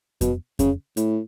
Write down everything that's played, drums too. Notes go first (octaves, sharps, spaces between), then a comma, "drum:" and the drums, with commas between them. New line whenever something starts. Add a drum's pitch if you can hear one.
B2, drum: kick F2, hi-hat
C#3, drum: kick F2, hi-hat
A2, drum: hi-hat